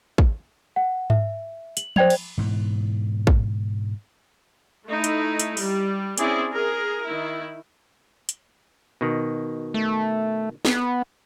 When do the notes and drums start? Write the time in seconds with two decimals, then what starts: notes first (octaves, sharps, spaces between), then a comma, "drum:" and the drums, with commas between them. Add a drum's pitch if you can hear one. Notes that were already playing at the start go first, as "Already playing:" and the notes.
0.18 drum: kick
0.76 F#5
1.10 E5, drum: tom G#2
1.77 F#7, drum: hi-hat
1.96 C5 D5 G5 G#6 F7, drum: tom F3
2.10 drum: cymbal
2.38 G#2 B2 E3
3.27 drum: kick
4.86 A3 D#4 E4
5.04 drum: hi-hat
5.39 drum: hi-hat
5.57 G3, drum: open hi-hat
6.18 C4 C#4 E4 G#4 D5, drum: hi-hat
6.52 G#4 A#4
7.06 D#3 E4
8.29 drum: hi-hat
9.01 B2 D#3
9.74 A3
10.65 B3, drum: snare